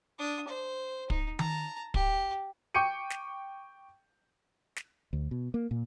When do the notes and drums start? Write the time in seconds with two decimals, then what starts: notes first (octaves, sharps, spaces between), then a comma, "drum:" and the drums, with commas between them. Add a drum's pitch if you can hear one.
0.19 D4 D#6
0.48 C5
1.10 D#4, drum: kick
1.39 A5 A#5, drum: tom D#3
1.94 G4, drum: kick
2.74 G5 C#6 D6 G6 C#7 D#7
3.10 drum: snare
4.76 drum: snare
5.13 D2
5.31 B2
5.54 A#3
5.71 A#2